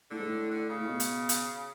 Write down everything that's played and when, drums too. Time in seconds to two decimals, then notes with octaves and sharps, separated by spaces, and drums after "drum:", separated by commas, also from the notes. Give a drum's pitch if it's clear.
0.10 A2 D3
0.19 G#2
0.25 A2
0.51 D3
0.69 C#3
0.80 A2
0.89 B2
1.00 drum: hi-hat
1.29 drum: hi-hat